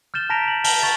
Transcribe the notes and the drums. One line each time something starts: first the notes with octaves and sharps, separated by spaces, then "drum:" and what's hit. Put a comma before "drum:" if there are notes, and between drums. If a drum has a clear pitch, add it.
F6 G6 A6 E7 G7
A5 A#5 A#6 B6 D7 F7
A6 F#7
A5 F6 F7 F#7, drum: open hi-hat
C#6 A6 A#6